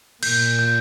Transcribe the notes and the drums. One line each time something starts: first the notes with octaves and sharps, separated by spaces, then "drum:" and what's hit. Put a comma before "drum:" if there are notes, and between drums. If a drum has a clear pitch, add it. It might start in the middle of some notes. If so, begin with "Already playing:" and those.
A#2 G6, drum: cymbal
G6